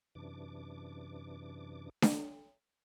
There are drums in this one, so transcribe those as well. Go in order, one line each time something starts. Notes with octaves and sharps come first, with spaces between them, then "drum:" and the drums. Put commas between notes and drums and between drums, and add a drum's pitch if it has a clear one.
F#2 C3 E3 D4 D6
drum: snare D4